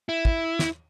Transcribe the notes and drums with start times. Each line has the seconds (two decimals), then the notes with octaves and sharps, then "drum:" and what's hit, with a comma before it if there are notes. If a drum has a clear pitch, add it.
0.09 E4
0.25 drum: kick
0.59 drum: snare